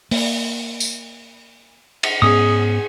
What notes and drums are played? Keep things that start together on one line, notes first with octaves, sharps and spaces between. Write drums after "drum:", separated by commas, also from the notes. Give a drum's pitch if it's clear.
A#3, drum: open hi-hat
drum: tambourine
drum: cymbal
G#2 B3 C#4 G#4 D#6